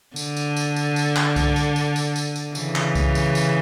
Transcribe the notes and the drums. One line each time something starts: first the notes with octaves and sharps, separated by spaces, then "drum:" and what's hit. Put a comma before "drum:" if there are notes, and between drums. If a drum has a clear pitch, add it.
D3, drum: tambourine
drum: tambourine
drum: tambourine
drum: tambourine
drum: tambourine
drum: clap
drum: kick C2, tambourine
drum: tambourine
drum: tambourine
drum: tambourine
drum: tambourine
drum: tambourine
C#3 E3, drum: tambourine
drum: clap
drum: kick C2, tambourine
drum: tambourine
drum: tambourine